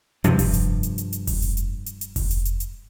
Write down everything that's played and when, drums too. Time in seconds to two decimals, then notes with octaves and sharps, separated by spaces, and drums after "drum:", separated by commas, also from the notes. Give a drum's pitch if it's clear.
0.24 G2 C3 F3, drum: hi-hat
0.39 drum: kick F1, open hi-hat
0.54 drum: hi-hat
0.83 drum: hi-hat
0.98 drum: hi-hat
1.13 drum: hi-hat
1.27 drum: kick F1, open hi-hat
1.42 drum: hi-hat
1.57 drum: hi-hat
1.86 drum: hi-hat
2.01 drum: hi-hat
2.16 drum: kick F1, open hi-hat
2.31 drum: hi-hat
2.45 drum: hi-hat
2.60 drum: hi-hat